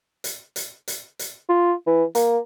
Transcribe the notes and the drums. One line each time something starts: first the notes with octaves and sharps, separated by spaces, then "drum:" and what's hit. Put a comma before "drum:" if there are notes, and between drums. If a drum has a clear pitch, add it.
drum: hi-hat
drum: hi-hat
drum: hi-hat
drum: hi-hat
F4
E3
A#3, drum: hi-hat